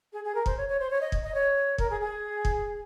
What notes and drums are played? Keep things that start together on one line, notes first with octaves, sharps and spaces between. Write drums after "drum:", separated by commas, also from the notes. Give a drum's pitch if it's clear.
G#4
G#4
A#4
C5, drum: kick
C#5
C#5
C5
C#5
D#5
drum: kick
D#5
C#5
A#4, drum: kick
G#4
G#4
drum: kick